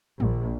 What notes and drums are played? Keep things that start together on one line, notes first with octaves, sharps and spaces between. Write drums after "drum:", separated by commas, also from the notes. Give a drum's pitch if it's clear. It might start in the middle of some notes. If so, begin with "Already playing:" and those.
A#1, drum: tom